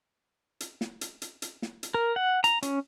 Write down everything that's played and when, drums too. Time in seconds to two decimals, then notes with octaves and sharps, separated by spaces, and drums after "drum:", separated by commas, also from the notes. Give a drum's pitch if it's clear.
0.60 drum: hi-hat
0.81 drum: snare
1.01 drum: hi-hat
1.22 drum: hi-hat
1.42 drum: hi-hat
1.62 drum: snare
1.83 drum: hi-hat
1.94 A#4
2.16 F#5
2.44 A#5, drum: hi-hat
2.63 C#4, drum: hi-hat